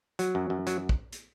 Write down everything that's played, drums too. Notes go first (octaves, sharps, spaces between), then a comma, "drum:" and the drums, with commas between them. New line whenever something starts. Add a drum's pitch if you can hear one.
F#3, drum: hi-hat
F#2
F#2
F#3, drum: hi-hat
drum: kick
drum: hi-hat